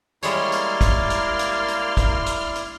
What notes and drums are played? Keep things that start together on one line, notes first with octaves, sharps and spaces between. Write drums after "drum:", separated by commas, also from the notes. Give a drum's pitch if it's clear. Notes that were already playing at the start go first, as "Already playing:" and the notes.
G3 G#3 A#3 E4 C#5 D5 C6 F6, drum: hi-hat
drum: hi-hat
drum: kick, hi-hat
drum: hi-hat
drum: hi-hat
drum: hi-hat
drum: kick, hi-hat
drum: hi-hat
drum: hi-hat